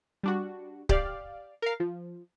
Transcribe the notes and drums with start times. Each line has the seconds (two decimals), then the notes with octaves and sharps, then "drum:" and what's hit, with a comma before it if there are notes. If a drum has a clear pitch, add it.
0.23 G3 D4 F#4
0.89 G4 D5 F5, drum: kick C#1
1.62 A#4 F5
1.80 F3